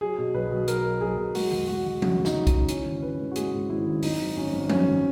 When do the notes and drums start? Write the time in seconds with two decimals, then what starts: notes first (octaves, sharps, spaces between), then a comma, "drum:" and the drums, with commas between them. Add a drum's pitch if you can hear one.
0.01 F#3 G#4
0.18 B2
0.34 B1 B4
0.51 B1
0.68 F#3 A#4, drum: hi-hat
0.85 F#3
1.01 B1 G#4
1.18 B1
1.35 G#3 F#4, drum: open hi-hat
1.51 E2
1.68 G#3 F#4
1.85 E2
2.02 C#3 F#4, drum: tom F3
2.19 E2
2.25 D#4, drum: snare
2.35 E2
2.47 D#4, drum: kick, hi-hat
2.53 C#3
2.69 E3 C#4, drum: hi-hat
2.86 G#1
3.02 G#1 B4
3.19 G#3
3.31 F#4
3.36 G#3 G#4, drum: hi-hat
3.53 G#2
3.70 G#1 E4
3.87 G#1
4.03 G#1 D#4, drum: open hi-hat
4.20 F#2
4.37 G#1 C#4
4.54 G#1
4.69 F#2 C#4, drum: tom F3
4.87 G#1